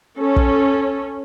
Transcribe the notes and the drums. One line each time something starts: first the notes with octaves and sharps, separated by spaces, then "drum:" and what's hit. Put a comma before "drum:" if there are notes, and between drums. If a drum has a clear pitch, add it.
C#4 A4
drum: kick